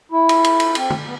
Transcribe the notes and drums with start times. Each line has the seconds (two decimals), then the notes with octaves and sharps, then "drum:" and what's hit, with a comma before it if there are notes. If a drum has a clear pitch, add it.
0.12 E4
0.29 drum: cymbal
0.44 drum: cymbal
0.60 drum: cymbal
0.75 C4, drum: cymbal
0.90 drum: tom
1.06 B3